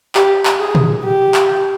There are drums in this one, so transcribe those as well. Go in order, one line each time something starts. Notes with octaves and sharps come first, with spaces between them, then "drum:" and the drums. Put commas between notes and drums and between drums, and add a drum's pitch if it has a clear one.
G4, drum: clap
drum: clap
G#4
drum: tom
G4
drum: clap